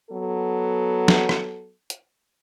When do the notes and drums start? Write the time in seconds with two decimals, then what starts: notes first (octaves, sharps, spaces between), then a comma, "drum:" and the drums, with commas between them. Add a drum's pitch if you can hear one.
0.11 F#3 B3 A4
1.08 drum: snare
1.29 drum: rim click
1.90 drum: hi-hat